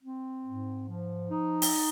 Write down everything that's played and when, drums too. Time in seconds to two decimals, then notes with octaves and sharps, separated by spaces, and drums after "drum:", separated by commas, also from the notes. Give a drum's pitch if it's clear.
0.03 C4
0.45 G#2
0.87 F3
1.30 D#4
1.62 drum: open hi-hat